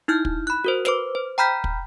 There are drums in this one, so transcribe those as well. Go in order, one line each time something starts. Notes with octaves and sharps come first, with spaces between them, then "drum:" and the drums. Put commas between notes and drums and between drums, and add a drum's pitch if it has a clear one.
D#4 E4 F6 G6
drum: kick
B5 F#6
F#4 A#4 C5
B4 C5 D6, drum: snare
C5
G5 A#5 B5 F6 G6 B6
drum: kick